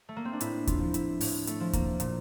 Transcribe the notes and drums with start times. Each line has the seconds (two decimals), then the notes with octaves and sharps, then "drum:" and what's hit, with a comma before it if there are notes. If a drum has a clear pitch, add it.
0.09 A3
0.16 A#3
0.25 C4
0.33 D4
0.41 A2 E4, drum: hi-hat
0.67 F4, drum: kick D#2, hi-hat
0.80 F3
0.94 E4, drum: hi-hat
1.21 A2, drum: open hi-hat
1.47 A3, drum: hi-hat
1.60 F3
1.73 A#3, drum: kick D#2, hi-hat
2.00 A#2, drum: hi-hat